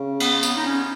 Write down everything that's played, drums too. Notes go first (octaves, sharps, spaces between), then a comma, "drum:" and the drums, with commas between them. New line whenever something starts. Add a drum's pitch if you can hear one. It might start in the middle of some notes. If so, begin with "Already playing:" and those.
Already playing: C#3
B3, drum: cymbal
B3, drum: tambourine
D#4
C#4